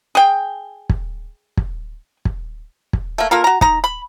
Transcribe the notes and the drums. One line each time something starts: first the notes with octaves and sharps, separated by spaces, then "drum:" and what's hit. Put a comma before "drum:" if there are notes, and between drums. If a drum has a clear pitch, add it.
G#4 G5
drum: kick
drum: kick
drum: kick
drum: kick
A3 A#3
A#3 F4 A4 A#4
F#4 A#5
D#4 A#5, drum: kick
B5